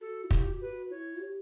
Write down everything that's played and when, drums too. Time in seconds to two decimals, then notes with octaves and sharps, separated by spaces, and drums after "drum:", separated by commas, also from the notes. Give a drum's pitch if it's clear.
0.01 F#4 A4
0.24 E4
0.31 G4, drum: kick
0.46 F#4
0.61 G4 B4
0.68 F#4
0.91 E4 C#5
1.20 G4